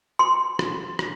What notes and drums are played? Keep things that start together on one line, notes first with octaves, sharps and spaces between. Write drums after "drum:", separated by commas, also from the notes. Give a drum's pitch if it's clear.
C6
drum: rim click
drum: rim click